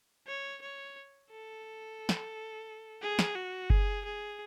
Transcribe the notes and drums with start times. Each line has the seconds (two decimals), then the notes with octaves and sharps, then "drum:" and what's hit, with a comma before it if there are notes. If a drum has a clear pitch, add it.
0.28 C#5
0.62 C#5
1.30 A4
2.09 drum: snare
3.02 G#4
3.19 drum: snare
3.35 F#4
3.70 G#4, drum: kick F#1
4.05 G#4